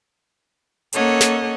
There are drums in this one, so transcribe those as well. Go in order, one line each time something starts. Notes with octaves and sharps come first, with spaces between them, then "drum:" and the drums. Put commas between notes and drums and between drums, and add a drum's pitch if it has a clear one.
A#3 C#4 A4 C#5 D#5 F#5, drum: hi-hat
drum: snare